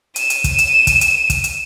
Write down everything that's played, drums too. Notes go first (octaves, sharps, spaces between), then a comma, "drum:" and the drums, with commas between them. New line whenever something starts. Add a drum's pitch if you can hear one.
D#7 E7, drum: hi-hat
drum: hi-hat
drum: kick, hi-hat
drum: hi-hat
drum: kick, hi-hat
drum: hi-hat
drum: kick, hi-hat
drum: hi-hat